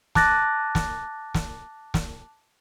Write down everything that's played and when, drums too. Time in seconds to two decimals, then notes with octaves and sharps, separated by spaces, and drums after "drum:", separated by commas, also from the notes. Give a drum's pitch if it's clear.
0.15 A5 D6 F#6 A6 A#6, drum: snare
0.75 drum: snare
1.34 drum: snare
1.94 drum: snare